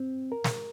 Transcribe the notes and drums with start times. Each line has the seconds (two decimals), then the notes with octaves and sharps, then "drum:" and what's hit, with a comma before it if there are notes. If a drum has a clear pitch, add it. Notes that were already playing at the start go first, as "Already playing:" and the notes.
Already playing: C4
0.32 A#4
0.44 drum: snare